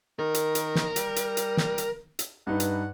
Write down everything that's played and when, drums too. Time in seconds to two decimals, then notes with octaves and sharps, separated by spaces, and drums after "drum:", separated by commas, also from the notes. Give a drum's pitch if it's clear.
0.19 D#3 A#4
0.34 drum: hi-hat
0.55 drum: hi-hat
0.75 drum: snare
0.96 G3, drum: hi-hat
1.16 drum: hi-hat
1.37 drum: hi-hat
1.57 drum: snare
1.78 drum: hi-hat
2.19 drum: hi-hat
2.47 G2 D#4 B4 F#5
2.60 drum: hi-hat